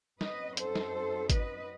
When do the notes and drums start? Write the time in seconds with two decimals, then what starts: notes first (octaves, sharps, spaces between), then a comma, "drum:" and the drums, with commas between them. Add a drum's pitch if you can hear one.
0.21 F#2 F#3 C4 D#4 B4 D#5, drum: snare
0.57 A4 C5, drum: hi-hat
0.75 drum: snare
1.30 B4 D#5, drum: kick G#1, hi-hat